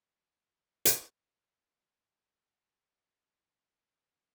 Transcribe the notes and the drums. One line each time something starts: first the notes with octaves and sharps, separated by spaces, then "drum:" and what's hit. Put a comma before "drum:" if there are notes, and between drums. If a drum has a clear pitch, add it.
A3 D6 G#6 D7
drum: hi-hat
E3 D4 C6